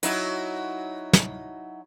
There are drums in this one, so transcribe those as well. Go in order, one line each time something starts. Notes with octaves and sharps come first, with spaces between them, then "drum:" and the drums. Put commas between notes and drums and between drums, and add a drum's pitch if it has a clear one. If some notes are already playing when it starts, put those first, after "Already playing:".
F#3 D#4 E4, drum: hi-hat
drum: snare